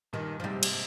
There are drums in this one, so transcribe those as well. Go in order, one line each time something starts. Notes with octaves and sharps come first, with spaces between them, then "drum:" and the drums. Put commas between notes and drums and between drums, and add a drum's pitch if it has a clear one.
G2 A#2 D#3
F3
G#2 C3 G3
drum: cymbal